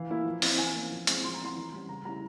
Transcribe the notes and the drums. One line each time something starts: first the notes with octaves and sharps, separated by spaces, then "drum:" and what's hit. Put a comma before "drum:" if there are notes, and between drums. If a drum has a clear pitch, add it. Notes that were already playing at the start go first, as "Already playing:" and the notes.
Already playing: E3 F5
A#3 E4
F3
C4 E4, drum: open hi-hat
E3 G#5
A#3 C#4
F3
G#3 C4 E4, drum: hi-hat
F3 C6
A#5
C4 E4 C6
E3
G3 C#4
C#3 A#5
G3 C#4 E4 A#5